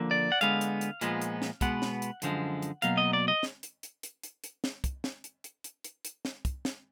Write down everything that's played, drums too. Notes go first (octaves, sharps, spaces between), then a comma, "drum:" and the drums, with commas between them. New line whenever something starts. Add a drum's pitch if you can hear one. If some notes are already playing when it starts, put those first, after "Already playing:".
Already playing: D3 F3 A#3
D5
F#5
D3 G#3 B3 F5, drum: hi-hat
drum: hi-hat
drum: hi-hat
A#2 F3 G#3 B3, drum: hi-hat
drum: hi-hat
drum: snare
B2 G#3 B3 F#5, drum: kick, hi-hat
drum: snare
drum: hi-hat
F#2 D3 F3 G#3, drum: hi-hat
drum: hi-hat
B2 F#3 A#3 F5, drum: hi-hat
D#5
D5
D#5
drum: snare
drum: hi-hat
drum: hi-hat
drum: hi-hat
drum: hi-hat
drum: hi-hat
drum: snare
drum: kick, hi-hat
drum: snare
drum: hi-hat
drum: hi-hat
drum: hi-hat
drum: hi-hat
drum: hi-hat
drum: snare
drum: kick, hi-hat
drum: snare